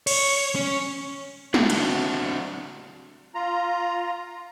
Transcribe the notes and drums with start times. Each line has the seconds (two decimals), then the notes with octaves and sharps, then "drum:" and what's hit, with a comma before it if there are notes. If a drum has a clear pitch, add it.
0.07 C#5, drum: cymbal
0.55 C#4
1.54 C4 D4 F#4, drum: snare
1.70 drum: cymbal
3.35 F4 A#5